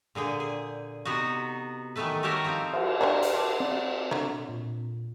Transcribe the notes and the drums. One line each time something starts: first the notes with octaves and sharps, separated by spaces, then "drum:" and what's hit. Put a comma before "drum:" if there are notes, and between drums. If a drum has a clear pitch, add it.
A#2 D3 G#4 G5
G#4
C3 B3 D#4 F#4
D#3 E3 F#3 A3 A4 B4
F#4 G4 A4 A#4 C#5
F3 C4 D#4
drum: cymbal
F#3 D4 C5 D5 G5
drum: hi-hat
A#4 B4 A5 C6 D6
C4 D5 B5
D3 F#3, drum: tom B2
A#2